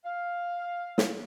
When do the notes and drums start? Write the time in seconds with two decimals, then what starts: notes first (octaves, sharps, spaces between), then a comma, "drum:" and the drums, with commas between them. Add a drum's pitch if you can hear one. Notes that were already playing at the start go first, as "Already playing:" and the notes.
0.05 F5
0.98 drum: snare